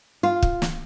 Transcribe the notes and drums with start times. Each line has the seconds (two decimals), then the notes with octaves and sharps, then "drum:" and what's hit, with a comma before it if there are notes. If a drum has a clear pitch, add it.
0.23 F4
0.42 drum: kick
0.62 drum: snare